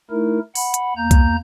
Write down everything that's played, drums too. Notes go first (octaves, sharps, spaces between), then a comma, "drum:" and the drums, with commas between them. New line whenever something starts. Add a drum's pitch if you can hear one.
A3 D#4 E4 A#4
F#5 B5, drum: open hi-hat
drum: hi-hat
E2 A#3 A#5 G6
drum: kick C2, hi-hat